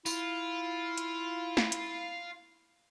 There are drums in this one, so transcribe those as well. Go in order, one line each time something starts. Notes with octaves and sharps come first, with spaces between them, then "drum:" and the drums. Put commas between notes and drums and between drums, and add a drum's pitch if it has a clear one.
E4 F4, drum: tambourine
drum: hi-hat
drum: snare
drum: hi-hat